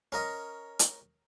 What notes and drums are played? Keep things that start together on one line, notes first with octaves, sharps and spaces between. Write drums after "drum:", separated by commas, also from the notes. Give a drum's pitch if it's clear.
C#4 A#4 D#5
drum: hi-hat